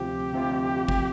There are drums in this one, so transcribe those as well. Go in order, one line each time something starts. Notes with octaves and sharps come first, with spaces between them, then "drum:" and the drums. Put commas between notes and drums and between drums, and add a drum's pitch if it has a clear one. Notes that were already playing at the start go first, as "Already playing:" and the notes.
Already playing: D2 C3 F3 C4 F4 G4
D2 C3 F3 C4 F4
drum: kick